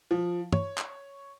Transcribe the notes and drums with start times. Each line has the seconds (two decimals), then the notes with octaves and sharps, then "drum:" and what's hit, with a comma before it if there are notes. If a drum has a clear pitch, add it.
0.11 F3
0.53 C#5, drum: tom
0.78 drum: clap